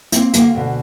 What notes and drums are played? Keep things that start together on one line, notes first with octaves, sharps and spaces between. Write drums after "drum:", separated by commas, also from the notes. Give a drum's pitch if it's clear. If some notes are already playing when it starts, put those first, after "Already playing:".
A#3 C4, drum: hi-hat
D2 A#3 G5, drum: hi-hat
D2 B2